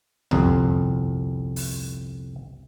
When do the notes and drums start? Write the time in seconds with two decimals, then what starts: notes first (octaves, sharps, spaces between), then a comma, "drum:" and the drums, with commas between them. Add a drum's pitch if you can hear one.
0.31 G1 C2 F2, drum: tom F2
1.56 drum: open hi-hat